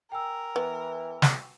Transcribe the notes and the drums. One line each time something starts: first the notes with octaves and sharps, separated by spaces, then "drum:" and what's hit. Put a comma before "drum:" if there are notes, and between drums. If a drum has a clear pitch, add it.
A#4 G5 G#5 E6
E3 B3
drum: snare